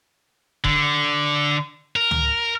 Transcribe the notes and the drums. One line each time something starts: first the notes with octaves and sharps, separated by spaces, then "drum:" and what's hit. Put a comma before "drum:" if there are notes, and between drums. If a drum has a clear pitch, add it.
D3, drum: kick D#1
A#4
drum: tom